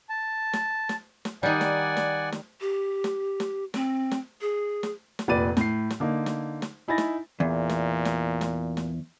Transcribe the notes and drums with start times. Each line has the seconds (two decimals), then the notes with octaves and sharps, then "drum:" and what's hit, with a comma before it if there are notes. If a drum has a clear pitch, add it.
0.09 A5
0.53 drum: snare
0.89 drum: snare
1.25 drum: snare
1.43 D#3 G3 D5 F#5 G#5
1.61 drum: snare
1.97 drum: snare
2.32 drum: snare
2.61 G4
3.04 drum: snare
3.40 drum: snare
3.74 C4, drum: snare
4.11 drum: snare
4.41 G#4
4.83 drum: snare
5.19 drum: snare
5.28 F1 A#2 B4 D5 A6 D#7
5.57 A2 C7, drum: snare
5.90 drum: snare
6.00 D3 A#3 D#4
6.26 drum: snare
6.62 drum: snare
6.88 D#4 E4 G#5 B5 A6 A#6
6.98 drum: snare
7.40 E2 A#2
7.69 drum: snare
8.05 drum: snare
8.41 drum: snare
8.77 drum: snare